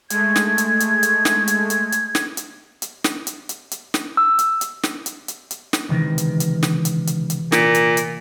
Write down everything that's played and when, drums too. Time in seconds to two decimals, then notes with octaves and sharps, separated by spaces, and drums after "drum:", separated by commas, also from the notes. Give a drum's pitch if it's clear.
0.10 G#3 A3 G#6, drum: hi-hat
0.36 drum: snare
0.58 drum: hi-hat
0.80 drum: hi-hat
1.03 drum: hi-hat
1.25 drum: snare
1.48 drum: hi-hat
1.70 drum: hi-hat
1.92 drum: hi-hat
2.15 drum: snare
2.37 drum: hi-hat
2.82 drum: hi-hat
3.04 drum: snare
3.27 drum: hi-hat
3.49 drum: hi-hat
3.71 drum: hi-hat
3.94 drum: snare
4.17 E6
4.39 drum: hi-hat
4.61 drum: hi-hat
4.83 drum: snare
5.06 drum: hi-hat
5.28 drum: hi-hat
5.51 drum: hi-hat
5.73 drum: snare
5.89 C#2 C3 D#3 E3 C4
6.18 drum: hi-hat
6.40 drum: hi-hat
6.63 drum: snare
6.85 drum: hi-hat
7.07 drum: hi-hat
7.30 drum: hi-hat
7.52 A#2, drum: snare
7.75 drum: hi-hat
7.97 drum: hi-hat